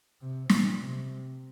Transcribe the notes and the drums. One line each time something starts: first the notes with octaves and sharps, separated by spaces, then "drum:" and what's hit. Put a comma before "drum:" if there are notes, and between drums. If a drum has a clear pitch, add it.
C3
A#2, drum: snare
C3